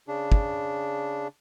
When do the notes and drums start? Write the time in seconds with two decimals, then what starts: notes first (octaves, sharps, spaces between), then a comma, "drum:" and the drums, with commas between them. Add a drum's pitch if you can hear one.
0.08 C#3 D4
0.32 drum: kick